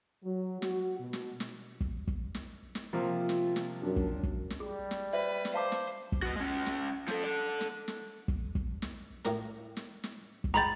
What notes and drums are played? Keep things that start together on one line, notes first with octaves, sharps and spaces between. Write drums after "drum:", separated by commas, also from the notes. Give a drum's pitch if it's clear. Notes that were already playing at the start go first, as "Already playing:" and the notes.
F#3
F#4, drum: snare
B2
drum: snare
drum: snare
drum: kick
drum: kick
drum: snare
drum: snare
C3 F3 A#3 F4
drum: snare
drum: snare
F#2 D4
drum: kick
drum: kick
drum: snare
G3 G#4
drum: snare
B4 C5 D5 E5
drum: snare
C5 F5 A5 D6
drum: snare
drum: kick
F#4 B4
G#3 C#4
drum: snare
F3 A4, drum: snare
A4 D5
drum: snare
drum: snare
drum: kick
drum: kick
drum: snare
A2 A#4, drum: snare
drum: snare
drum: snare
drum: kick
G#2 G#3 G5 A#5 B5 A6